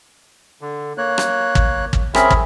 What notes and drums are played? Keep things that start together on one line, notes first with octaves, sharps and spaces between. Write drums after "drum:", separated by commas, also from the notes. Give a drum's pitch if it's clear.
D3
A#3 C#5 F#6
drum: rim click
drum: kick
drum: kick
C4 C#4 G#4 A#4 E5 B5, drum: rim click
drum: kick